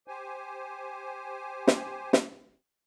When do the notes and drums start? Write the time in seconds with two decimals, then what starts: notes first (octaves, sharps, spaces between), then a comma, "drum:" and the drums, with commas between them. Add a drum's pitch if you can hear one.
0.08 G4 C5 G#5
1.67 drum: snare
2.13 drum: snare